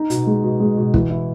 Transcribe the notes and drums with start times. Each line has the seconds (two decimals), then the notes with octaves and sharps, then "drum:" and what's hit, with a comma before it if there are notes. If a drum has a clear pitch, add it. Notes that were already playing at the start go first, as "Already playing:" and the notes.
Already playing: D#4
0.10 B2, drum: hi-hat
0.27 G#3
0.44 B2
0.60 G#3
0.77 B2
0.94 E3, drum: kick
1.10 E4